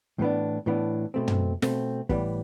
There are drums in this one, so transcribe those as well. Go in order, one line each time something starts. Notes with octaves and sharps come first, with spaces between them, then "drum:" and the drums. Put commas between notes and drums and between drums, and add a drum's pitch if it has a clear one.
A2 E3 B3 D4
A2 E3 B3 D4
B2 A3 C4
drum: tom
B2 A3 C4, drum: snare
A2 E3 G3 B3, drum: kick